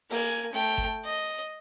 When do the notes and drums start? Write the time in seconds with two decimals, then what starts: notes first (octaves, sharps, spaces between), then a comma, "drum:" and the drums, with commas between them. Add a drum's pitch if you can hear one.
0.10 A#3 G#5, drum: open hi-hat
0.53 A3 G5
0.78 drum: kick G1
1.05 D#5